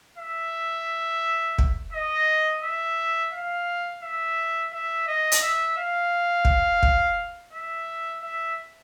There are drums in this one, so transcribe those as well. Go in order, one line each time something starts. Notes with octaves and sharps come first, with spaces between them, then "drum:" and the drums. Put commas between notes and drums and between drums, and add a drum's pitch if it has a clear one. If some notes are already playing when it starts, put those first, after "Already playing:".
E5
drum: kick
D#5
E5
F5
E5
E5
D#5
drum: hi-hat
E5
F5
drum: kick
drum: kick
E5
E5